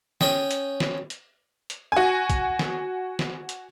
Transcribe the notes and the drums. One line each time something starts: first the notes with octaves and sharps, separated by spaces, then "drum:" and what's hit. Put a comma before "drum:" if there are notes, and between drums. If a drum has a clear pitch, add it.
C#4 D#5 G5, drum: snare
drum: hi-hat
drum: snare
drum: hi-hat
drum: hi-hat
F#4 G#5
drum: kick, hi-hat
drum: snare
drum: snare
drum: hi-hat